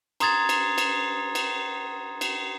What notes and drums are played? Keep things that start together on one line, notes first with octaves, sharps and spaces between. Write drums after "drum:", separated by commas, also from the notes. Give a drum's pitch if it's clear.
A#5 C6 D#6 G#6 A6, drum: cymbal
drum: cymbal
drum: cymbal
drum: cymbal
drum: cymbal